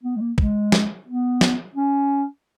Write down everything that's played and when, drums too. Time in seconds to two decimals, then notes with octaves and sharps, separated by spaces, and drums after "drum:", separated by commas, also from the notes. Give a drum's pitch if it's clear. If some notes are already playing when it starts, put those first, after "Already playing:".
0.03 B3
0.16 G#3
0.21 A#3
0.38 G#3, drum: kick
0.72 drum: snare
1.07 B3
1.41 drum: snare
1.76 C#4